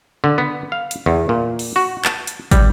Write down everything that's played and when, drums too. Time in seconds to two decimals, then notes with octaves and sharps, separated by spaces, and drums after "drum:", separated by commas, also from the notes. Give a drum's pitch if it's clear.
0.24 D3
0.38 B3
0.72 F5
0.91 drum: hi-hat
1.06 E2
1.29 A#2
1.59 drum: open hi-hat
1.76 F#4
2.05 A5, drum: clap
2.27 drum: hi-hat
2.51 G3, drum: kick, hi-hat